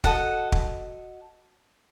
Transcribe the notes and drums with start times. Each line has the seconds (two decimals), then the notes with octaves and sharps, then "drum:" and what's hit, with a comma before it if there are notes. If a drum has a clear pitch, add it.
0.04 F#4 A4 D#5 F#5, drum: kick
0.52 drum: kick